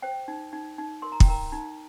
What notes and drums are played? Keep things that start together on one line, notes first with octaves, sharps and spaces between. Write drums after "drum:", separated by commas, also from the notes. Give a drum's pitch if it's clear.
C5 G5
D#4
D#4
D#4
A#4 C6
A#5
G5, drum: kick
A#4 A#5
D#4